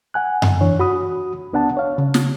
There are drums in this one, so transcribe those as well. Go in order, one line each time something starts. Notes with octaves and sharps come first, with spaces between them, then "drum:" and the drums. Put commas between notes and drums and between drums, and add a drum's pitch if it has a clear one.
F#5 G#5 F#6
drum: tom F#2
F2 E3 D4 C#5
F#4 B5 D#6
C#2 B3 D4 F#5 A5
C#5 F5
C#3
drum: snare